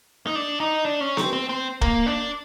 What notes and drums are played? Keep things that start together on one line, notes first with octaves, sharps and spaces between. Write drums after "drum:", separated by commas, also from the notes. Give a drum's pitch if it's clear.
D#4
D4
D#4
D4
C#4
C4, drum: snare B3
C4
C4
A#3, drum: kick
D4